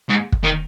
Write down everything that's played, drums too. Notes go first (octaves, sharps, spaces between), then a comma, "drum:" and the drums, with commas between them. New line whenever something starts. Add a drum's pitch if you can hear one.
G#2
drum: kick
D#3